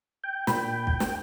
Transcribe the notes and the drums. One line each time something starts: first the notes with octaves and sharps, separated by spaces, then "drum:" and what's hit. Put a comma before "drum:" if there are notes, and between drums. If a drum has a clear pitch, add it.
G5
A#2 B5, drum: snare
drum: kick
drum: snare